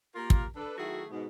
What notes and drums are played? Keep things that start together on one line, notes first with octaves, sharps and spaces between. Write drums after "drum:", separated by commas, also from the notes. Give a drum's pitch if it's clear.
A#3 F4 G4 A#4
drum: kick
D4 A4 B4
D#3 F#3 A3 E4 F#4 G#4
G#2 B2